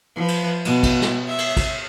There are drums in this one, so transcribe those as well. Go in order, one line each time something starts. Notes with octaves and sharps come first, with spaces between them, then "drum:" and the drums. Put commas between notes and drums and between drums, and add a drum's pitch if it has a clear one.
F3 B4
drum: cymbal
B2, drum: cymbal
drum: kick, cymbal
drum: snare
E5
drum: cymbal
drum: kick, cymbal